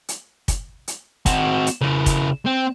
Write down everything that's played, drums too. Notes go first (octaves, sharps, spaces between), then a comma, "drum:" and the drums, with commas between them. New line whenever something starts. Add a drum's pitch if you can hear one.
drum: hi-hat
drum: kick, hi-hat
drum: hi-hat
C4 F#4, drum: kick, hi-hat
drum: hi-hat
C#3 E4
drum: kick, hi-hat
C4